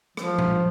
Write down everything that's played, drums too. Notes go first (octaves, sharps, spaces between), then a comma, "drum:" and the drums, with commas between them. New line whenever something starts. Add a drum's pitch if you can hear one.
F3, drum: rim click
drum: tom A#2